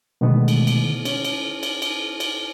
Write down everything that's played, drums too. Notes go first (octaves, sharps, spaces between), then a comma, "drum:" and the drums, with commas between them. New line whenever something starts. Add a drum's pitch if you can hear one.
B2 D3 D#3 G#3 A3 B3
drum: cymbal
drum: cymbal
C#4, drum: cymbal
drum: cymbal
drum: cymbal
drum: cymbal
drum: cymbal